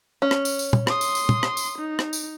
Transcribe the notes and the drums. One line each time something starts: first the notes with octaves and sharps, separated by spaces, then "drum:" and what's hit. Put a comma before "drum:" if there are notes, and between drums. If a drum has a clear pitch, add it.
C#4
drum: rim click
drum: tambourine
drum: tambourine
drum: tom
C6 D#6, drum: rim click
drum: tambourine
drum: tambourine
drum: tom
drum: rim click
drum: tambourine
D#4
drum: rim click
drum: tambourine